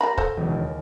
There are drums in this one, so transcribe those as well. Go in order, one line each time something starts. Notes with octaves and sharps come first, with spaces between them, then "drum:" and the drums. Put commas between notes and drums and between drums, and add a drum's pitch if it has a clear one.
G3 A#3 B5 A#6 C7
A4 C5, drum: kick
E1 C#2
D#2